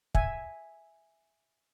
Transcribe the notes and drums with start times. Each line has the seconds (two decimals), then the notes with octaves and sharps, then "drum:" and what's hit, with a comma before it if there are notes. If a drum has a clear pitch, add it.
0.15 E5 G#5, drum: kick